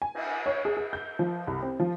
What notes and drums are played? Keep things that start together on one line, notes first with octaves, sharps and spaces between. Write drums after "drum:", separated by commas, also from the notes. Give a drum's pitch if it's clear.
G#5
drum: cymbal
C#5
G#4
G#4
G6
F3
C2
C4
F3